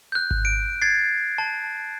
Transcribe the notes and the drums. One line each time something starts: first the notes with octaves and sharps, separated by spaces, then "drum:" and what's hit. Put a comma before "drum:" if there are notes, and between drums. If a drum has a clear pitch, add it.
F#6 G6
drum: kick G#1
D7
G#6 A6 C7
A5